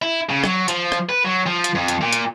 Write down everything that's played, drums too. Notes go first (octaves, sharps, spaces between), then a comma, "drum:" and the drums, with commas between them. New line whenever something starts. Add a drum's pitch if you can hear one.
E4
C#3
F#3, drum: rim click
F3, drum: hi-hat
drum: rim click
B4
F#3
F3
drum: hi-hat
F2
drum: hi-hat
A#2
drum: hi-hat